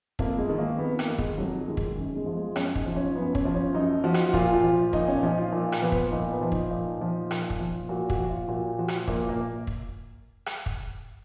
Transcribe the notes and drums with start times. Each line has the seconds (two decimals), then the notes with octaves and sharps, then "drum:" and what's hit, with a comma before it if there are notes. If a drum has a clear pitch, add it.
0.19 F2 A#3, drum: kick
0.38 G#3
0.49 D#3
0.58 A#3
0.78 F2 B3
0.99 A#3, drum: rim click
1.07 D#3
1.18 G#3, drum: kick
1.37 F2 F#3
1.68 D#3 G#3
1.77 drum: kick
1.97 F#2
2.16 G#3
2.26 F3
2.37 G#3
2.56 F#2 C#4, drum: rim click
2.75 D#4, drum: kick
2.86 F3
2.96 C#4
3.15 F#2 B3
3.35 C#4, drum: kick
3.45 F3
3.55 C#4
3.74 F#2 D#4
4.04 F3 F#4
4.14 drum: rim click
4.28 F#4
4.33 A#2 F4, drum: kick
4.54 F4
4.64 F3
4.93 A#2 D#4, drum: kick
5.08 C#4
5.23 F3 D#4
5.37 F4
5.52 A#2
5.72 drum: rim click
5.82 F3 B3
5.92 drum: kick
6.11 A#2 D#4
6.32 B3
6.41 F3
6.52 D#4, drum: kick
6.70 A#2
7.01 F3
7.31 A#2, drum: rim click
7.50 drum: kick
7.59 F3
7.89 A#2 F#4
8.10 F#4, drum: kick
8.19 F3
8.29 F4
8.48 A#2 F#4
8.78 F3 F#4
8.88 drum: rim click
9.08 A#2 A#3, drum: kick
9.29 A#3
9.67 drum: kick
10.46 drum: rim click
10.66 drum: kick